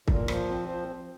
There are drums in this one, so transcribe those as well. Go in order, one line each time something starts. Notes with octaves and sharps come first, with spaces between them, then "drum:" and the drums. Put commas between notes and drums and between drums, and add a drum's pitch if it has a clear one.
A#2, drum: kick C2
F3, drum: rim click
C4
F3